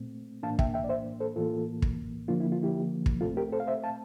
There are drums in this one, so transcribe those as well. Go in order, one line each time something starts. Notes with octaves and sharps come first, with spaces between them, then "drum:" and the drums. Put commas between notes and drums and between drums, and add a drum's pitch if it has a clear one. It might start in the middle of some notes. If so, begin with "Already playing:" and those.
Already playing: A#2 A3 C4
A2 E3 A#3 D4 F5 A5
E5 G5, drum: kick
E5 G5
D5
C5 E5
A4 C5
A2 E3 A#3 F4 A4
drum: kick
D3 F3 A#3 D4 F4
E4
F4
E4 G4
drum: kick
A#2 A3 C4 F4 A4
G4 A#4
A4 C5
F5
C5 E5
F5 A5